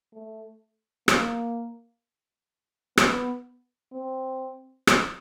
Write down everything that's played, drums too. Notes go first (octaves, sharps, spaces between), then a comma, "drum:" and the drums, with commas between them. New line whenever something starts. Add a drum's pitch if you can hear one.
A3
A#3, drum: rim click
B3, drum: rim click
C4
drum: rim click